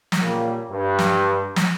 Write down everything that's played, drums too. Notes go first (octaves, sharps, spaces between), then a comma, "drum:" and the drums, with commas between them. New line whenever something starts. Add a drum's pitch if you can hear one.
drum: snare
A#2 C#3 G3 A#3
G2
drum: snare
drum: snare